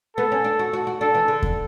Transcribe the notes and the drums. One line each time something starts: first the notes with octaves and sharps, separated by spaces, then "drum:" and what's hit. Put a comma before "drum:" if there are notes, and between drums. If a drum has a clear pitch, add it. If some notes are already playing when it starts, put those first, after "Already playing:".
B3 A4
C#4
D4
F#4
F#4
F#4
D4 A4
E3
D3
drum: kick E2